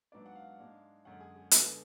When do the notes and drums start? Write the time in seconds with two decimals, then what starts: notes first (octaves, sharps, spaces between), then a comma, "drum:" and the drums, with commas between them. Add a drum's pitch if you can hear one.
0.12 G#2 F#3 B3 D4 D5
0.26 F#5
0.35 F5
0.59 G#2 G#3 D4
1.05 F#2 D3 G#3 C#4 F#5
1.20 G#4
1.36 G#4
1.51 D3 G#3 B3 G#4, drum: hi-hat